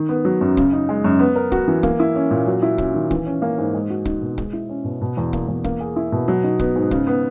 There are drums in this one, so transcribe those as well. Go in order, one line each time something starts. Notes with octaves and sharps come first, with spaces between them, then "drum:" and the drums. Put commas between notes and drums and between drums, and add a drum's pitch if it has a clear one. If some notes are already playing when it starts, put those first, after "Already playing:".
Already playing: D#3
B3
F#3
F#2
C#3, drum: kick
D#4
G#3
F#2
B3
A#4
F#4, drum: kick
E3
A#3, drum: kick
E4
C#4
A#2
F#3
E4
C#4, drum: kick
D#3
E3, drum: kick
C#4
A#3
G#2
G#3
F#4
D#4, drum: kick
B2
G#3, drum: kick
E4
C#4
B2
B2
E2
A#3, drum: kick
E2
A#3, drum: kick
G#4
E4
B2
F#3
D#4
B3, drum: kick
G#2
C#3, drum: kick
B3